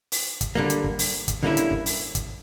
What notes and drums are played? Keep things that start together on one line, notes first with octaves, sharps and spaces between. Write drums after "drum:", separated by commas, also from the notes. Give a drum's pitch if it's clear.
drum: open hi-hat
drum: kick, hi-hat
D3 G3 A#3
drum: hi-hat
drum: kick
drum: open hi-hat
drum: kick, hi-hat
D3 G3 A#3 C#4 E4
drum: hi-hat
drum: kick
drum: open hi-hat
drum: kick, hi-hat